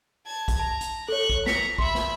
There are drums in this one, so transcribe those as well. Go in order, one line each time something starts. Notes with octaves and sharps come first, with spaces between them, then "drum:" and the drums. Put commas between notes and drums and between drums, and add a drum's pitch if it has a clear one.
A5 G#6
drum: kick A#1, hi-hat
A5 A#5
drum: hi-hat
A4 C#5 C#6 F#6
drum: kick A#1
A#5 C#6 B6 C#7, drum: snare
E5 B5 C6, drum: kick A#1
drum: snare